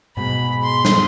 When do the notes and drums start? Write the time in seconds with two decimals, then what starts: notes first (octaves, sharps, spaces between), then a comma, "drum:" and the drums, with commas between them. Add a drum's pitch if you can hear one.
0.17 G#2 B2 G#3 B5
0.63 C6
0.85 drum: snare